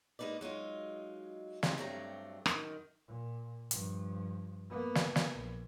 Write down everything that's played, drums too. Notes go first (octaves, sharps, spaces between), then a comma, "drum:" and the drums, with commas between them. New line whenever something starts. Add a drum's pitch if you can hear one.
G#3 A#3 D#4 B4 D5
F#3 G#3 D#4 F4
G#3 C4 D#4 F#4 G4, drum: snare
G2 F#3 A3 C4 D5 A#5
F#2 D#3, drum: rim click
A#2
G2 F3, drum: hi-hat
A#3 B3
drum: snare
drum: snare
A#1